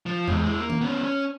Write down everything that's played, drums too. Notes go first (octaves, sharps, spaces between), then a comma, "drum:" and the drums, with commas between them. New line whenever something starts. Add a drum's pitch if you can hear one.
F3
E2 G#2, drum: tom E2
G#3 E4
A#3
drum: tom D#3
B3 C#4
C#4